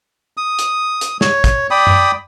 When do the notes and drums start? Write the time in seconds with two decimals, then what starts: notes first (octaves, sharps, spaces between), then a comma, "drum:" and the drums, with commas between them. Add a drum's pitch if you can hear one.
0.37 D#6
0.59 drum: hi-hat
1.01 drum: hi-hat
1.21 C#5, drum: snare
1.44 drum: kick, hi-hat
1.71 D5 G5 B5 D#6
1.87 drum: tom F#2